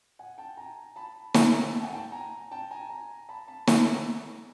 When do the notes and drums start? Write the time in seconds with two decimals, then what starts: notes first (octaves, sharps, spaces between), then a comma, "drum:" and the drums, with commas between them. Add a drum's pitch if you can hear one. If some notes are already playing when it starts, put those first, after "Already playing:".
0.19 F#5 G#5
0.38 G5 A5
0.57 G#5 A#5
0.96 A5 B5
1.34 G#5 A#5, drum: snare
1.74 G5 A5
1.83 F#5 G#5
1.93 G5 A5
2.12 G#5 A#5
2.52 G5 A5
2.71 G#5 A#5
2.89 G#5 A#5
3.29 A5 B5
3.48 A5 B5
3.67 G#5 A#5, drum: snare